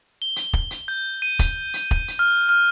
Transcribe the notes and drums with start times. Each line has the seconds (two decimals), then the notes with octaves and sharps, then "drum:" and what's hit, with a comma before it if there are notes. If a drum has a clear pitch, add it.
0.22 G7
0.36 drum: hi-hat
0.53 drum: kick
0.71 drum: hi-hat
0.88 G6
1.22 D#7
1.39 drum: kick, hi-hat
1.74 drum: hi-hat
1.91 drum: kick
2.08 drum: hi-hat
2.19 F6
2.49 F6